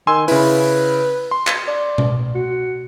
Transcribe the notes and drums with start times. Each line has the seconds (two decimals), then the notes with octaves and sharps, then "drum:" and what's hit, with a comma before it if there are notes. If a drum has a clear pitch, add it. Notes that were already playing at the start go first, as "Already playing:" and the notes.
0.07 D#3 G#5 C6 E6
0.28 C#3 E4 B4, drum: open hi-hat
1.31 C6
1.47 drum: clap
1.67 D5
1.98 drum: tom B2
2.35 F#4